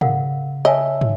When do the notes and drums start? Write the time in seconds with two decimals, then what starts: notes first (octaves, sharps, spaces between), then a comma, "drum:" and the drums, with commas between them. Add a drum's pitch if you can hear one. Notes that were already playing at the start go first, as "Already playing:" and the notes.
0.01 C#3 A#4 F5 F#5, drum: tom
0.65 C#5 D#5 E5 G#5 A5
1.01 drum: tom